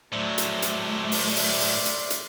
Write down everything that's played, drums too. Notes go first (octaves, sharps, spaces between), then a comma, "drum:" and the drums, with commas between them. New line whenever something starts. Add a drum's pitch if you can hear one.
A2 F#3 A3 C5 D5 E5
drum: hi-hat
drum: hi-hat
drum: open hi-hat
drum: open hi-hat
drum: open hi-hat
drum: hi-hat
drum: hi-hat